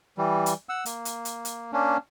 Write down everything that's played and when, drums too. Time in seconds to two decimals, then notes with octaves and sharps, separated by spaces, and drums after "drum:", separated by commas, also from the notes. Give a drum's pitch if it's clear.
0.18 E3 G3
0.46 drum: hi-hat
0.69 F#5 E6
0.85 A#3, drum: hi-hat
1.05 drum: hi-hat
1.25 drum: hi-hat
1.45 drum: hi-hat
1.73 A#3 C#4 D4